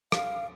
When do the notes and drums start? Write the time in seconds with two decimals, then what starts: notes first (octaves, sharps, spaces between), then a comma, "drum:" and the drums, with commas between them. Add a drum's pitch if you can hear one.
0.12 F5, drum: rim click